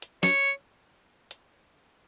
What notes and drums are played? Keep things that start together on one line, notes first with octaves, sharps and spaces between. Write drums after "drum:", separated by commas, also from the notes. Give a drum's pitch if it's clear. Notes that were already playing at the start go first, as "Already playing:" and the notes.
drum: hi-hat
C#5, drum: snare
drum: hi-hat